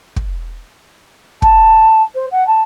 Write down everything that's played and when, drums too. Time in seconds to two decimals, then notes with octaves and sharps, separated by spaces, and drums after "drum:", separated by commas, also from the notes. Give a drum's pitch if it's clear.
0.16 drum: kick
1.42 A5, drum: kick
2.15 C5
2.32 F#5
2.47 A5